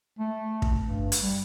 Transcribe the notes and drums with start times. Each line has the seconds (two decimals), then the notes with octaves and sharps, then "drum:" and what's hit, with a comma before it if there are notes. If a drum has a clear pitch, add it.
0.19 A3
0.62 drum: kick
0.85 G2
1.12 drum: hi-hat
1.21 G3